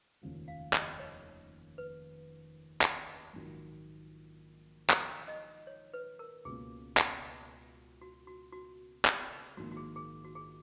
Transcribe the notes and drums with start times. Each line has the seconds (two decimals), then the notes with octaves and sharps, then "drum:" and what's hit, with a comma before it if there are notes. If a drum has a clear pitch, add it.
0.21 F1 D#2 C#3 F3 G#3
0.48 F5
0.73 D#5, drum: clap
0.99 C#5
1.78 B4
2.81 drum: clap
3.33 A#1 G#2 D#3 F#3
4.90 A#5, drum: clap
5.28 D#5
5.67 C#5
5.93 B4
6.19 A#4
6.45 C#2 B2 A#3 C#4 G#4
6.97 drum: clap
8.01 F#4
8.27 F#4
8.52 F#4
9.05 drum: clap
9.57 A#1 G#2 D#3 A#3 F#4
9.72 F#4
9.77 G#4
9.96 G#4
10.25 F#4
10.35 G#4